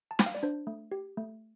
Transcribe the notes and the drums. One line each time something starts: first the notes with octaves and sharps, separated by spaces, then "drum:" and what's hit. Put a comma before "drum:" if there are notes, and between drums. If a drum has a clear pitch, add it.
A5
G5, drum: snare
F5
D5
D4 C5
A3
G4
A3